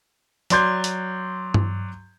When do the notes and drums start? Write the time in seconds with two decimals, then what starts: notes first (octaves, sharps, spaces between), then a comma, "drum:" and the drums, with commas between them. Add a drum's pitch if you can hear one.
0.50 F#3 D5 C6 G6 G#6, drum: hi-hat
0.84 drum: hi-hat
1.54 drum: tom G2